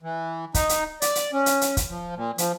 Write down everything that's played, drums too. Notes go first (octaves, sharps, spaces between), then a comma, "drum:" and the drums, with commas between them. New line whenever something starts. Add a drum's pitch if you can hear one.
E3
D#4, drum: kick, hi-hat
drum: hi-hat
D5, drum: hi-hat
drum: hi-hat
C#4
drum: hi-hat
drum: hi-hat
drum: kick, hi-hat
F3
A#2
F3, drum: hi-hat